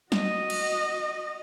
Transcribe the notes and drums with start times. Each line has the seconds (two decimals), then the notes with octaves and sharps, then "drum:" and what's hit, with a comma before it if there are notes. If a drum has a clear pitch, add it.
0.12 F#4 D#5, drum: snare
0.50 drum: cymbal